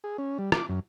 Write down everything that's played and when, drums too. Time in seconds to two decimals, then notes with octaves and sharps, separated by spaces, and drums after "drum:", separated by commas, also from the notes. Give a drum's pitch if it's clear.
0.04 G#4
0.18 C#4
0.38 G3
0.52 D6, drum: rim click
0.69 F#2